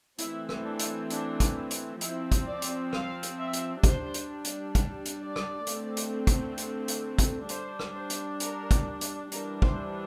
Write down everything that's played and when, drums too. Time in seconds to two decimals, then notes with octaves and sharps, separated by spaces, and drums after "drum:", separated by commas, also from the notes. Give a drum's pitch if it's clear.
0.18 E3 A3 C4 E4, drum: hi-hat
0.49 drum: rim click
0.64 D4
0.79 drum: hi-hat
1.10 D4, drum: hi-hat
1.40 drum: kick, hi-hat
1.71 drum: hi-hat
2.01 F3 C4 E4, drum: hi-hat
2.32 drum: kick, hi-hat
2.47 D5
2.62 drum: hi-hat
2.93 F5, drum: rim click
3.23 drum: hi-hat
3.38 E5
3.53 drum: hi-hat
3.84 G3 D4 C5, drum: kick, hi-hat
4.14 drum: hi-hat
4.45 drum: hi-hat
4.75 drum: kick, hi-hat
5.05 drum: hi-hat
5.21 D5
5.36 drum: rim click
5.67 D3 A3 C4, drum: hi-hat
5.97 drum: hi-hat
6.27 drum: kick, hi-hat
6.58 drum: hi-hat
6.88 drum: hi-hat
7.19 drum: kick, hi-hat
7.49 G3 D4 C5, drum: hi-hat
7.79 drum: rim click
7.95 C5
8.10 drum: hi-hat
8.40 A#4, drum: hi-hat
8.71 drum: kick, hi-hat
9.01 drum: hi-hat
9.32 E3 G3 D4 A#4, drum: hi-hat
9.62 C5, drum: kick